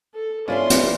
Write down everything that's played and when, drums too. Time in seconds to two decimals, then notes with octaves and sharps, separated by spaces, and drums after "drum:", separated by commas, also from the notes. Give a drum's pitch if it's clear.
0.15 A4
0.48 E3 B3 C#4 D4 F4 D5 C6
0.70 drum: hi-hat